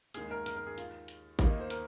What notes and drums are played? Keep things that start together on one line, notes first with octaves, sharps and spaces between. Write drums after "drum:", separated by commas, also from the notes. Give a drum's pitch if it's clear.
D#2 D#3 G#3 G#4, drum: hi-hat
A#4
A#4, drum: hi-hat
A#4
G#4
F4, drum: hi-hat
drum: hi-hat
D#2 D#3 A#3 F4, drum: kick G1, hi-hat
D#5
C5
A#4, drum: hi-hat